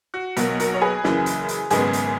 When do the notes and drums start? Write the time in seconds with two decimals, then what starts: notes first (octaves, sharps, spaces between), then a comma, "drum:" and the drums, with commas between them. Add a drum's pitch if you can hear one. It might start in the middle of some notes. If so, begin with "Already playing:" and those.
0.14 F#4
0.37 B1 B2 F#3 A#3 F#4, drum: hi-hat
0.60 F#4 A#4, drum: hi-hat
0.74 C#5
0.81 G#4 B4
1.04 F#2 C#3 E3 A#3, drum: snare
1.26 drum: hi-hat
1.48 drum: hi-hat
1.70 G#1 F#2 C#3 G#3 B3 G#4, drum: hi-hat
1.93 drum: hi-hat